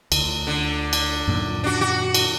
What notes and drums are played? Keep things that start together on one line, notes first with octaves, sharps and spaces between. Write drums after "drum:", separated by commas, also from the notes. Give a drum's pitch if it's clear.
D2, drum: cymbal
D3
drum: cymbal
F#2 A#2 D#3
D4 F#4
F#4
drum: cymbal